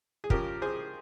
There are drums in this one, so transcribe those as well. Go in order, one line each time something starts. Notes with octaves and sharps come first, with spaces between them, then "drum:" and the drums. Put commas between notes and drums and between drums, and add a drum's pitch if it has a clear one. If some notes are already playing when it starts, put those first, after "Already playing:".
G#4
C#3 F3 G4 A#4, drum: kick
G#4 C5